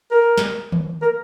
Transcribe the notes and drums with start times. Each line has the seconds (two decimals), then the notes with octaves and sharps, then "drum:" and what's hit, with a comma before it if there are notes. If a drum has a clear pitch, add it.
0.12 A#4
0.38 drum: snare
0.72 drum: tom D#3
1.02 A#4